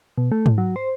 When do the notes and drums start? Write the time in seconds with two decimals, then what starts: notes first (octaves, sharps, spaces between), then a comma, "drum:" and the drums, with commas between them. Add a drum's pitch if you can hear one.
0.18 B2
0.32 A3
0.46 drum: tom G#2
0.58 F#3
0.76 C5